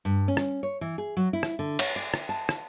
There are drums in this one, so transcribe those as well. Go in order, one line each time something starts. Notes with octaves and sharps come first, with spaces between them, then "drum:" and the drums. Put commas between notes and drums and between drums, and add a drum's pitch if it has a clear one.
G2
C#4
drum: rim click
C#5
E3
G#4
F#3
E4
drum: rim click
D3
C#5, drum: cymbal
D5
drum: rim click
A5
drum: rim click